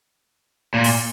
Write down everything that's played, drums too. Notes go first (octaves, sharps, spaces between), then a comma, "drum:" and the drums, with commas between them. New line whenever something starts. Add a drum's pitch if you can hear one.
A#2
drum: open hi-hat